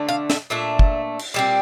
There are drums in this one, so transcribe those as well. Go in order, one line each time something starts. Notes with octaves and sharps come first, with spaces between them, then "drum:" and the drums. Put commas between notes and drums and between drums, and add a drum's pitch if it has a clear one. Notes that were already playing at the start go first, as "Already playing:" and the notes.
Already playing: D3 A3 D4
F5
E5, drum: snare
A#2 A3 D4 E5
drum: kick
drum: cymbal
A#2 G3 C4